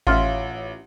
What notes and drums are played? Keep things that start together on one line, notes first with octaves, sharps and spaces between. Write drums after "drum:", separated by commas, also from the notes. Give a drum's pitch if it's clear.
A1 C#4 F4 E5, drum: kick G#1